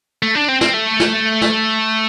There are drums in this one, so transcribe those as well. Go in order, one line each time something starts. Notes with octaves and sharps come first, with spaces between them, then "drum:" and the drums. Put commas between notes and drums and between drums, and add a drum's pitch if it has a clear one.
A3
D4
C4
C4, drum: snare
A3
drum: snare
drum: snare